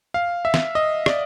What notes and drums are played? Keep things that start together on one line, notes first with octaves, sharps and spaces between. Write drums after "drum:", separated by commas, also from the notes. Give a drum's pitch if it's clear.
F5
E5
drum: snare
D#5
D5, drum: rim click